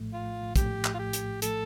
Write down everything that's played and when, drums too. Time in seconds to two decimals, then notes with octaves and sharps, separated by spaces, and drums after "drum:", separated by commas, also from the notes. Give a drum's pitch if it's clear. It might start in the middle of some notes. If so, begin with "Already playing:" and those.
Already playing: A#1 A2 F3 A3
0.13 F4
0.56 A#1 A2 F3 A3 G4, drum: kick, hi-hat
0.85 drum: clap
0.94 F4
0.99 G4
1.13 drum: hi-hat
1.42 A2 F3 A3 A4, drum: hi-hat